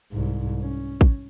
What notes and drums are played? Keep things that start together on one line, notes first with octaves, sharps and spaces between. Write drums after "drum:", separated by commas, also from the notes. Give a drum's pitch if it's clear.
C2 G#2
C#4
drum: kick A1